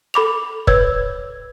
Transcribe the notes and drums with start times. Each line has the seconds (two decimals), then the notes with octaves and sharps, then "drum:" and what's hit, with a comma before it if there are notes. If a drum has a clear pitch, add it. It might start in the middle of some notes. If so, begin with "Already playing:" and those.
0.14 A4 B5 D6 F7
0.67 B4 C#5 E6 G#6, drum: kick